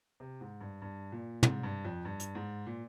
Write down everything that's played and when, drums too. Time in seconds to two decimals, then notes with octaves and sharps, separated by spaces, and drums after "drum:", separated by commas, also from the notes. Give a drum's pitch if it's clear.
0.20 C3
0.41 G#2
0.61 G2
0.82 G2
1.12 A#2
1.43 G#2, drum: tom
1.63 G2
1.85 F2
2.05 G2
2.20 drum: hi-hat
2.35 G#2
2.66 A#2